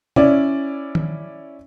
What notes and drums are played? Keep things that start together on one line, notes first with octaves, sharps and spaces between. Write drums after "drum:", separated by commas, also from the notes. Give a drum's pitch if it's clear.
C#4 E4 D5, drum: tom C3
drum: tom D#3